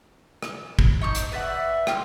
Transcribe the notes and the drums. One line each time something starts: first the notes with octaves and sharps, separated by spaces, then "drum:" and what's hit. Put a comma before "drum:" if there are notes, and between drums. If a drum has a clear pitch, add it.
drum: rim click
drum: kick
D#4 C#6 D#6 G6
drum: hi-hat
B4 D5 E5 F#5
A#3 G5 C6 F6, drum: rim click